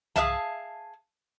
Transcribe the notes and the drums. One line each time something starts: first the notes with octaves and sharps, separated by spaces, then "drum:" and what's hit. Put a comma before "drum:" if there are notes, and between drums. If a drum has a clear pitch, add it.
G#4 B4 E5 F5 A5, drum: tom C2